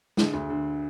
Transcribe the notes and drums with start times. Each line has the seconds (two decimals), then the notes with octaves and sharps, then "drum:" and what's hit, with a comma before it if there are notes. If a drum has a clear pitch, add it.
0.17 D3 G#4, drum: snare
0.34 D2
0.50 D3